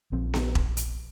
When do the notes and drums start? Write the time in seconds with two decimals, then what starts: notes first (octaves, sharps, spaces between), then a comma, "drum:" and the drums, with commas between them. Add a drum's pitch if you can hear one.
0.12 A#1 F3 C4
0.34 drum: snare B3
0.55 drum: kick E1
0.77 drum: hi-hat